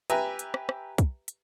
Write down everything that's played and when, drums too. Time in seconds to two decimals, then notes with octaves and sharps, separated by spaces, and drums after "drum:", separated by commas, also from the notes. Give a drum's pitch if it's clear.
0.10 G4 B4 E5 G#5 A#5, drum: hi-hat
0.39 drum: hi-hat
0.54 drum: rim click
0.69 drum: rim click
0.98 drum: kick, hi-hat
1.28 drum: hi-hat